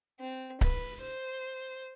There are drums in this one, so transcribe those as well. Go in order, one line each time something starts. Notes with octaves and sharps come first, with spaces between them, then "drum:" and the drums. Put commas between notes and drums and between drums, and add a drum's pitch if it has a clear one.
C4
B4, drum: kick C#1
C5